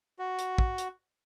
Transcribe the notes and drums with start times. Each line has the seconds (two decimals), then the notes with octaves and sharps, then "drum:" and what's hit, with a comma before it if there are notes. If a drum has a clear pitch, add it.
0.19 F#4
0.39 drum: hi-hat
0.58 drum: kick
0.78 drum: hi-hat